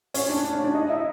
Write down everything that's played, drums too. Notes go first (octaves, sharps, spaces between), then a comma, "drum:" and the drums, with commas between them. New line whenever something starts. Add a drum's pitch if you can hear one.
C#4, drum: open hi-hat
D4
D4
C#4
D4
D#4
E4